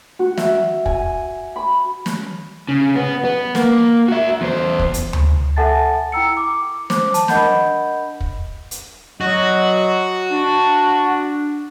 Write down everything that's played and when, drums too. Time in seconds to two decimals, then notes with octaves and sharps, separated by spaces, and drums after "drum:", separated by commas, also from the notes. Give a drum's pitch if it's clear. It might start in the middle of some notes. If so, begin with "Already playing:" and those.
0.19 F#4
0.38 E5, drum: snare
0.86 G#5, drum: kick
1.56 B5
2.06 drum: snare
2.69 C#3
2.96 B3
3.25 B3
3.55 A#3, drum: snare
4.08 F#4 E5
4.41 E2 C5
4.79 drum: kick
4.94 drum: hi-hat
5.13 drum: tom D2
5.56 A4 E5 F#5 G#5 A5 A6
6.12 E4 G5 A#5 E6 C#7
6.37 D6
6.90 C5 D6, drum: snare
7.14 A5, drum: hi-hat
7.28 D4 A#4 D#5 F#5 B5 G6, drum: snare
8.20 drum: kick
8.71 drum: hi-hat
9.21 F#3 F#4 D#5
10.32 D4